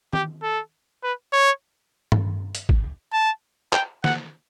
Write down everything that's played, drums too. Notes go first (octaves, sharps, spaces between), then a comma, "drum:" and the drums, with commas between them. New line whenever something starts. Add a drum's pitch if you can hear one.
G4, drum: tom D#3
A4
B4
C#5
drum: tom G2
drum: hi-hat
drum: kick
A5
G5, drum: clap
F#5, drum: snare